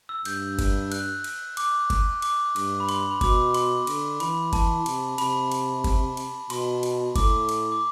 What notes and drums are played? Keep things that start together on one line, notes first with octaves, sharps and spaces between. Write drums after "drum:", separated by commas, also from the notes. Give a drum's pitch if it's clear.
E6
G2 G6, drum: cymbal
drum: kick F#1, cymbal
F#6, drum: cymbal
drum: cymbal
D6, drum: cymbal
drum: kick F#1, cymbal
D6, drum: cymbal
G2, drum: cymbal
B5
C6, drum: cymbal
C6
B5
B2 D6, drum: kick F#1, cymbal
C6, drum: cymbal
D3, drum: cymbal
E3 B5, drum: cymbal
A5, drum: kick F#1, cymbal
C3, drum: cymbal
C3 B5, drum: cymbal
drum: cymbal
drum: kick F#1, cymbal
drum: cymbal
B2 C6, drum: cymbal
drum: cymbal
A2 D6, drum: kick F#1, cymbal
drum: cymbal
D6